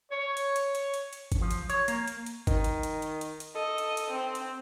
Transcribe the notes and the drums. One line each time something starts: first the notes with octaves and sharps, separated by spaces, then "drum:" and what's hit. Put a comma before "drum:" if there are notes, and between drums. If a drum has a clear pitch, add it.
C#5
drum: hi-hat
drum: hi-hat
drum: hi-hat
drum: hi-hat
drum: hi-hat
drum: kick G#1, hi-hat
F3
drum: hi-hat
C#5, drum: hi-hat
A#3, drum: hi-hat
drum: hi-hat
drum: hi-hat
D#3, drum: kick G#1, hi-hat
drum: hi-hat
drum: hi-hat
drum: hi-hat
drum: hi-hat
drum: hi-hat
A4 D#5
drum: hi-hat
drum: hi-hat
C4
drum: hi-hat